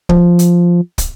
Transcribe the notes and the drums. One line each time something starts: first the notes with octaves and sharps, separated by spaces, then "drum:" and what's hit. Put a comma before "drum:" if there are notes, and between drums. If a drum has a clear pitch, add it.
F3, drum: kick
drum: hi-hat
drum: kick, hi-hat